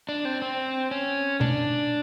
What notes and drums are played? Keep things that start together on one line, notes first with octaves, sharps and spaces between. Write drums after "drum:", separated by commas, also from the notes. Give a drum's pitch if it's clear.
D4
C4
C4
C#4
D4, drum: tom B2